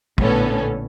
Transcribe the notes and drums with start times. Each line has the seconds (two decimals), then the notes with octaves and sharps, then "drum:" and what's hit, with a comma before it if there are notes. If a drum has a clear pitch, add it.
0.18 A#1 A2 D3 B3 C#4 A4, drum: kick